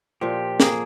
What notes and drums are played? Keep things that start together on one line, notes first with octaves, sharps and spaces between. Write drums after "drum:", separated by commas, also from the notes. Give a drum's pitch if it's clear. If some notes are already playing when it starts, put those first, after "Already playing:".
A#2 F3 G4
A#3 G#4, drum: snare